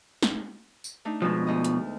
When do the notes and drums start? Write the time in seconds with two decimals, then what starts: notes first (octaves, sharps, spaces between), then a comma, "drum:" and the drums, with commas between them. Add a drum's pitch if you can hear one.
0.23 drum: snare
0.84 drum: tambourine
1.05 A3 D4 D#4
1.22 B2 F3 G#3 B3
1.47 D2 D#5
1.64 drum: hi-hat